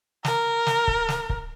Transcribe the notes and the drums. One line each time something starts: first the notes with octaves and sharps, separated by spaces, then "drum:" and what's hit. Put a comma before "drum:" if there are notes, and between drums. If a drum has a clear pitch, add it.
A#4, drum: snare
drum: snare
drum: kick
drum: snare
drum: kick